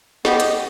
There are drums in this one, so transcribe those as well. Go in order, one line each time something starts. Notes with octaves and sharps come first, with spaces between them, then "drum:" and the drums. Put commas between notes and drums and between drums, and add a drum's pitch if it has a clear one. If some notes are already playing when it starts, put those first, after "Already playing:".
B3 G4 D#5, drum: snare
drum: hi-hat